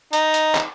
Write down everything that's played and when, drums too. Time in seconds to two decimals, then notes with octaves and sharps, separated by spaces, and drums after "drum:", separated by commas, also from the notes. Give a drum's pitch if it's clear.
0.13 D#4, drum: hi-hat
0.34 drum: hi-hat
0.55 drum: clap